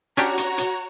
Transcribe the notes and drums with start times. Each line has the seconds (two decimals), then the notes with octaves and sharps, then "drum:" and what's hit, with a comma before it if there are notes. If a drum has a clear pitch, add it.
0.17 C#4 D4 F#4 G4 C#5 A#5, drum: hi-hat
0.38 drum: hi-hat
0.58 drum: hi-hat